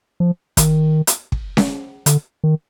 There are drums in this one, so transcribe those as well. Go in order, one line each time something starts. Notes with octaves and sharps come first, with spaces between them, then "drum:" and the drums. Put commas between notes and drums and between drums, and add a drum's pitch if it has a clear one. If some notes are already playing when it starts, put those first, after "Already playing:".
F3
D#3, drum: kick, hi-hat
drum: hi-hat
drum: kick
drum: snare C#4
D3, drum: hi-hat
D#3